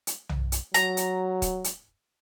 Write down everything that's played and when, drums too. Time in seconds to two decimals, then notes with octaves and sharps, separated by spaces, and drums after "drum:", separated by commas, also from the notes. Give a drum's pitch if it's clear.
0.07 drum: hi-hat
0.29 drum: tom
0.52 drum: hi-hat
0.74 F#3 A#5, drum: hi-hat
0.97 drum: hi-hat
1.42 drum: kick, hi-hat
1.64 drum: hi-hat